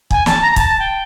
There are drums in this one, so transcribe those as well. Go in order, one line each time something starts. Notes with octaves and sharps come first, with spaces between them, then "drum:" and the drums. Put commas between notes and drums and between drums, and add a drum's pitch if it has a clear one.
G#5, drum: kick
A5, drum: snare
A#5
A#5
A5, drum: kick, hi-hat
G5